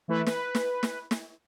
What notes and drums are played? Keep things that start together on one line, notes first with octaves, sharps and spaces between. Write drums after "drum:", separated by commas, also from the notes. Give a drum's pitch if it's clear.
E3 A3 E4 B4
B4, drum: snare
drum: snare
drum: snare
drum: snare